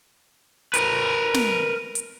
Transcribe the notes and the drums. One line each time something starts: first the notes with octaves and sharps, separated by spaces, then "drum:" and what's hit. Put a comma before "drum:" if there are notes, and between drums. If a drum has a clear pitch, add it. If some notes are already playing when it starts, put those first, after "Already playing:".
A#4 B4, drum: hi-hat
drum: snare
drum: hi-hat